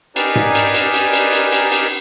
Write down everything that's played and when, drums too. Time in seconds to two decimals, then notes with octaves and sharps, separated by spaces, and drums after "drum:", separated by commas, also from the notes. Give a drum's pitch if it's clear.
0.16 D#4 G4 A#4 B4 D5 G#5, drum: cymbal
0.36 drum: tom G#2
0.55 drum: cymbal
0.74 drum: cymbal
0.94 drum: cymbal
1.13 drum: cymbal
1.33 drum: cymbal
1.52 drum: cymbal
1.72 drum: cymbal